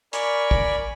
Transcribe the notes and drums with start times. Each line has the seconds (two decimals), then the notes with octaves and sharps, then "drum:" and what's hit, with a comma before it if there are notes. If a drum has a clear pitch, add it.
0.13 A#4 D5 G#5 B5 C#6, drum: hi-hat
0.51 drum: kick